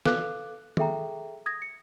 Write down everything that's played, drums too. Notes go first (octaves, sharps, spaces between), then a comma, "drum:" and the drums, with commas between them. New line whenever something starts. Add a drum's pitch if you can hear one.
A4 B4 F5 D6 F#6, drum: snare
G#4 A4 E5 G5 A#5, drum: tom D#3
D#6 G#6 A#6
C#7